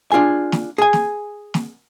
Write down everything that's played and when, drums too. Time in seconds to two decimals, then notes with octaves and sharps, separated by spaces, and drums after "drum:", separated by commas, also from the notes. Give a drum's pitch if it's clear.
0.12 D4 F4 G#4 G#5
0.52 drum: snare
0.78 G#4 G#5
0.93 drum: snare
1.54 drum: snare